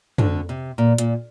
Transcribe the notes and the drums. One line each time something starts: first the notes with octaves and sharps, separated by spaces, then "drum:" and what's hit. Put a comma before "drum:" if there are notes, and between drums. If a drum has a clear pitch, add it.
D2 D3, drum: tom
C3
A#2
A#2, drum: hi-hat